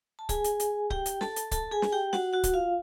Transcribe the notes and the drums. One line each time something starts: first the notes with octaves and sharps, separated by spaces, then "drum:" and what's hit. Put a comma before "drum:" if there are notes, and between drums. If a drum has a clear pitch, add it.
A5
G#4 G#5, drum: kick C#1, hi-hat
drum: hi-hat
drum: hi-hat
G4 G5, drum: kick C#1
drum: hi-hat
A4 A5, drum: snare
drum: hi-hat
A4 A5, drum: kick C#1, hi-hat
G#4 G#5
drum: snare
G4 G5
F#4 F#5, drum: snare
F#4 F#5
drum: kick C#1, hi-hat
F4 F5